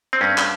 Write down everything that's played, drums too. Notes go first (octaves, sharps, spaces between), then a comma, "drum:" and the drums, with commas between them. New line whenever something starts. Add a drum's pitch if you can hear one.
C4
G2 C#4
drum: clap